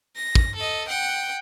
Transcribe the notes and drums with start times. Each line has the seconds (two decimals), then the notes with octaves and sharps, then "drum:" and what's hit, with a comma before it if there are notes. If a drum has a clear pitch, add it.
0.16 A#6
0.35 drum: kick
0.56 A4 D#5
0.88 F#5 G5